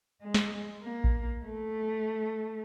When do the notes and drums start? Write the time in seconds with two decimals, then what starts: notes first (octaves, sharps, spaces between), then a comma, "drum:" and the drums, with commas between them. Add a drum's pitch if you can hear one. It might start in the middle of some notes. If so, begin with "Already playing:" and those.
0.22 G#3
0.34 drum: snare
0.83 A#3
1.04 drum: kick A1
1.45 A3